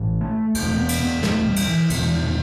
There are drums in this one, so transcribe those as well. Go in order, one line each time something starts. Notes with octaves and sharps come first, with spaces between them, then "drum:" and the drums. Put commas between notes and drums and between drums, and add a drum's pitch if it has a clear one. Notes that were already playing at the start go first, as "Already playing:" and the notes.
Already playing: A1 A2
A3
E1 D#2 A3, drum: cymbal
B3
drum: cymbal
B3
A3, drum: snare
G3
drum: cymbal
E3
E1 E2 B2 F#3, drum: cymbal
E3
D#3